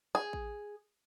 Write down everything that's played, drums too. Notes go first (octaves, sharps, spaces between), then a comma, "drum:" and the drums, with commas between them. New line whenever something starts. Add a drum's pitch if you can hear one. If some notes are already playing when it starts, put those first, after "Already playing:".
G#4
drum: kick A1